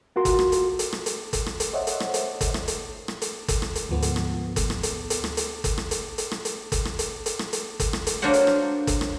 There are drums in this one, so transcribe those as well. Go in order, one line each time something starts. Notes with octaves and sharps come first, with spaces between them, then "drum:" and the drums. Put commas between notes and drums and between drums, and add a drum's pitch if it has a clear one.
F4 F#4 A#4 C6
drum: kick, hi-hat
drum: rim click
drum: hi-hat
drum: hi-hat
drum: rim click
drum: hi-hat
drum: kick, hi-hat
drum: rim click
drum: hi-hat
C5 C#5 D#5 E5 F#5
drum: hi-hat
drum: rim click
drum: hi-hat
drum: kick, hi-hat
drum: rim click
drum: hi-hat
drum: rim click
drum: hi-hat
drum: kick, hi-hat
drum: rim click
drum: hi-hat
D2 G#2 F3 B3
drum: hi-hat
drum: rim click
drum: kick, hi-hat
drum: rim click
drum: hi-hat
drum: hi-hat
drum: rim click
drum: hi-hat
drum: kick, hi-hat
drum: rim click
drum: hi-hat
drum: hi-hat
drum: rim click
drum: hi-hat
drum: kick, hi-hat
drum: rim click
drum: hi-hat
drum: hi-hat
drum: rim click
drum: hi-hat
drum: kick, hi-hat
drum: rim click
drum: hi-hat
A#3 D4 F#4 C5 C#5 F#5
drum: hi-hat
drum: rim click
drum: kick, hi-hat
drum: rim click